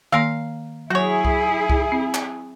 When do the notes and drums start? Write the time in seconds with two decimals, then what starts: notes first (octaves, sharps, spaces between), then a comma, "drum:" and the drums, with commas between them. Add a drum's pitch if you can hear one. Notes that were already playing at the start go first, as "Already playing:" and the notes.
0.12 D#3 A#3 A#4 F5 C6
0.90 F#3 E4 F#4 G#4 C#5
1.25 drum: kick C2
1.69 drum: kick C2
1.92 C4
2.14 drum: clap